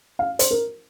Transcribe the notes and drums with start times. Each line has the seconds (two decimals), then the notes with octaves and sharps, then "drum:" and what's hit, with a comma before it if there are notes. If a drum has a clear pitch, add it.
0.19 F5
0.39 C5, drum: hi-hat
0.51 A#4